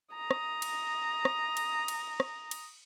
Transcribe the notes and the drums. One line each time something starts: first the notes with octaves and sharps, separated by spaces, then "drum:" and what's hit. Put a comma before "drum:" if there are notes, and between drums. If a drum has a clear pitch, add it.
A#5 D#6
drum: rim click
drum: cymbal
drum: rim click
drum: cymbal
drum: cymbal
drum: rim click
drum: cymbal